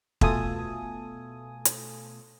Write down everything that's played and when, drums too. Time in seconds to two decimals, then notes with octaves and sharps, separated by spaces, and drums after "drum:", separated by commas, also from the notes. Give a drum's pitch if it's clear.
0.21 B2 A3 F4 A4 G#5 D#6, drum: kick
1.65 drum: hi-hat